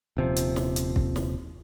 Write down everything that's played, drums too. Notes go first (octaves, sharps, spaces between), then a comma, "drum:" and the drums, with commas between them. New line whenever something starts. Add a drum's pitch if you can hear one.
D#1 C3 F3
drum: hi-hat
drum: snare
drum: hi-hat
drum: kick
drum: snare